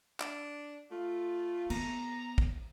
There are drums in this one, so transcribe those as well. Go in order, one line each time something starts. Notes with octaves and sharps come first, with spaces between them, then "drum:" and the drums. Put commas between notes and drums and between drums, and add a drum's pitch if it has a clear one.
D4, drum: clap
A3 F4
B3 A#5, drum: cymbal
drum: kick